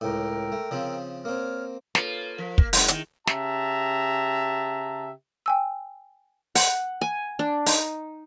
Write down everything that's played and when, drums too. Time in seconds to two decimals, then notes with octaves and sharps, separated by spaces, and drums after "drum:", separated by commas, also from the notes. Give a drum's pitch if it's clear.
0.01 C#2 A2 A#4 G5 E6
0.52 A3
0.71 C#3 F3 C4
1.25 A#3 C4 C#5 F6
1.95 A#3 F4 A4 B4 C#5, drum: snare
2.38 F3 A#4 B6
2.58 A#3, drum: kick
2.73 F#3 G#3 C#4 E4, drum: open hi-hat
2.88 D#3, drum: hi-hat
3.27 C#3 G4 E5 A5 A#5, drum: snare
5.46 G5 G#5 E6
6.55 F#5, drum: open hi-hat
7.01 G#5
7.39 D4
7.66 D#4, drum: open hi-hat